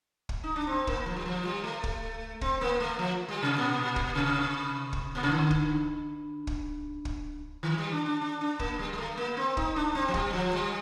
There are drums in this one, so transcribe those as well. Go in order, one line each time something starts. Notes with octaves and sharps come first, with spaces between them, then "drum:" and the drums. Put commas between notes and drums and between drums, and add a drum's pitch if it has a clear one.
drum: kick
D#4
D4
C4
A#3, drum: kick
F3
G3
F3
G3
A3
drum: kick
C4, drum: kick
A#3
A3
F3
G3
C3
A#2
drum: kick
C3
drum: kick
A#2
C3
D3
drum: kick
drum: kick
drum: kick
D#3
G3
D4
D4
D4
D4
A#3, drum: kick
G3
G3
A3
A#3
C4
D#4, drum: kick
D4
C4
F3
G3, drum: kick
F3
G3